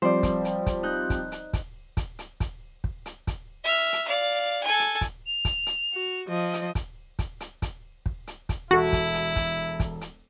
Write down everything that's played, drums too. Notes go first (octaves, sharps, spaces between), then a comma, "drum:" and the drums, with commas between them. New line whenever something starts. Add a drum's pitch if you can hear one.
F3 G3 C4 C5 D5
drum: kick, hi-hat
drum: hi-hat
drum: kick, hi-hat
D#4 F#6 G6
drum: kick, hi-hat
drum: hi-hat
drum: kick, hi-hat
drum: kick, hi-hat
drum: hi-hat
drum: kick, hi-hat
drum: kick
drum: hi-hat
drum: kick, hi-hat
E5 F6
drum: hi-hat
D5 F5
A4 G#5
drum: hi-hat
drum: kick, hi-hat
F7
drum: kick, hi-hat
drum: hi-hat
F#4
F3 D#5
drum: hi-hat
drum: kick, hi-hat
drum: kick, hi-hat
drum: hi-hat
drum: kick, hi-hat
drum: kick
drum: hi-hat
drum: kick, hi-hat
E1 E4 F#4 A4
drum: kick, hi-hat
drum: hi-hat
drum: kick, hi-hat
drum: kick, hi-hat
drum: hi-hat